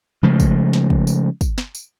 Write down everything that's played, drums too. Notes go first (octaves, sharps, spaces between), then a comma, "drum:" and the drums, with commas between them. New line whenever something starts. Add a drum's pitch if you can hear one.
C#3 F3 G#3 A3
drum: kick, tambourine
drum: snare
drum: kick
drum: tambourine
drum: kick, tambourine
drum: snare
drum: tambourine